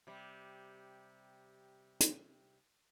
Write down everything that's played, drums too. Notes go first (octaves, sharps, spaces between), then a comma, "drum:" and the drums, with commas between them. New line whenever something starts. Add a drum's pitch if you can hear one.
C3 G3
drum: hi-hat